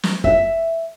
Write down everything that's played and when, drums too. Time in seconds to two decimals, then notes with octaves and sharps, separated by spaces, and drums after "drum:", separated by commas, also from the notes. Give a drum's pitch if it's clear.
0.03 drum: snare
0.24 E5, drum: kick F#1